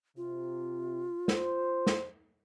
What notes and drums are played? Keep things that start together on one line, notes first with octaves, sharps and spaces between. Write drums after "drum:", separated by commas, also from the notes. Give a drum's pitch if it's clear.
C3 F4
C5, drum: snare
drum: snare